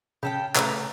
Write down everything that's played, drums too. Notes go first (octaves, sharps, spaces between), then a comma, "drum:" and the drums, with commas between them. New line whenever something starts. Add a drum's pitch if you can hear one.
C#3 G4 A4 G5
C#3 A3 B4 A#5 D6, drum: clap